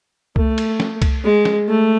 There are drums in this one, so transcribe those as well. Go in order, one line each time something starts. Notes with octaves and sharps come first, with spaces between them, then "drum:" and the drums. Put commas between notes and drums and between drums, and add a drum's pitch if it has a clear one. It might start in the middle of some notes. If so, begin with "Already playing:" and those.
A3, drum: kick C2
drum: cymbal
drum: snare
drum: kick C2, cymbal
G#3
drum: snare
A3